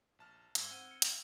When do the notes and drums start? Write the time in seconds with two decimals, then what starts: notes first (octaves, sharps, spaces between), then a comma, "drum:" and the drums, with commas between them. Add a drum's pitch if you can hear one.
0.19 A#1 A5 F6
0.55 G#2 E6 G#6 G7, drum: hi-hat
0.71 C4 F#5 F6 D#7
0.91 C#7
1.02 drum: hi-hat